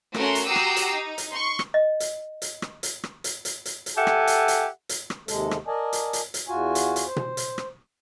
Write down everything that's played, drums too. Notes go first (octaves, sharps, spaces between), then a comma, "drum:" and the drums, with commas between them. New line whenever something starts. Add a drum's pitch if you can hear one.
A3 C#4 F#4 A#4 C6, drum: rim click
drum: hi-hat
F#4 G4 A#5 D#6 E6 C7
drum: rim click
drum: hi-hat
D#4
drum: hi-hat
C6 C#6
drum: rim click
D#5
drum: hi-hat
drum: hi-hat
drum: rim click
drum: hi-hat
drum: rim click
drum: hi-hat
drum: hi-hat
drum: hi-hat
drum: hi-hat
G4 A4 E5 F#5 G#5
drum: rim click
drum: hi-hat
drum: hi-hat
drum: hi-hat
drum: rim click
D#2 C3 G#3 A4, drum: hi-hat
drum: rim click
A#4 D5 D#5 G#5 A5
drum: hi-hat
drum: hi-hat
drum: hi-hat
E2 F4 F#4 G#5
drum: hi-hat
drum: hi-hat
C5
drum: tom B2
drum: hi-hat
drum: rim click